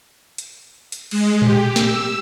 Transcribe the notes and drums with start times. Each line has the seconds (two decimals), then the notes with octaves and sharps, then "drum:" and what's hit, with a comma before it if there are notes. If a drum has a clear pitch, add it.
0.38 drum: hi-hat
0.92 drum: hi-hat
1.11 G#3, drum: cymbal
1.42 G4, drum: tom A2
1.76 E6, drum: snare